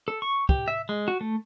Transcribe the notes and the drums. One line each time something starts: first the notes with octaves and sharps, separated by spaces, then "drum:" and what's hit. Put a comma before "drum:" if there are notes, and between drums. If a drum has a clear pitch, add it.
A4
C#6
G4, drum: kick
E5
G#3
F#4
A3